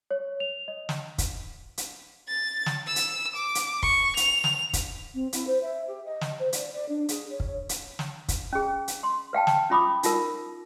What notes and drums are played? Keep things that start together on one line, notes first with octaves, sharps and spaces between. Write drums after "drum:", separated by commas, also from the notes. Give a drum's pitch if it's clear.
C#5
F7
D#5
drum: snare
drum: kick, hi-hat
drum: hi-hat
A6
drum: snare
E6
drum: hi-hat
D6
drum: hi-hat
C#6, drum: kick
F7, drum: hi-hat
drum: snare
drum: kick, hi-hat
C4
E4, drum: hi-hat
C5
E5
G4
D#5
drum: snare
C5
D5, drum: hi-hat
D5
D4
G#4, drum: hi-hat
C#5
drum: kick
drum: hi-hat
drum: snare
drum: kick, hi-hat
C#4 G#4
drum: hi-hat
C6
B4 F5 G5 A5
drum: snare
C#4 F4 B5 D6 D#6
D#4 F4 A#4, drum: hi-hat